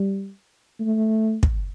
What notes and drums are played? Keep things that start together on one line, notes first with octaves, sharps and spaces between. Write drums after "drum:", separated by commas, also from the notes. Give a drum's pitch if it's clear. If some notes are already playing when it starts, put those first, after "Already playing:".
Already playing: G3
A3
drum: kick